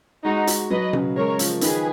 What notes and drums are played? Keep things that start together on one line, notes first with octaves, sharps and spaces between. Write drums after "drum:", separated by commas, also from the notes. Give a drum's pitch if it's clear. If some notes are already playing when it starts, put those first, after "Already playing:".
G#3 D#4 F#4
F#4, drum: hi-hat
F#3 B4 D#5
C#3, drum: tom B2
G#3 A#4 C#5
F3, drum: hi-hat
D#3 G#4 B4, drum: hi-hat